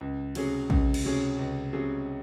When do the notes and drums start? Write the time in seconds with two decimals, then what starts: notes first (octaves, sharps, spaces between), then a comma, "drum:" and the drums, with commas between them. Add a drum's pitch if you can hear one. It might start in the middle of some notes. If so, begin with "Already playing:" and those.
0.01 C#2
0.35 C3 F#3 C#4 G#4, drum: cymbal
0.70 C#2, drum: kick A#1
0.94 drum: cymbal
1.04 C3 F#3 C#4 G#4
1.39 C#2
1.73 C3 F#3 C#4 G#4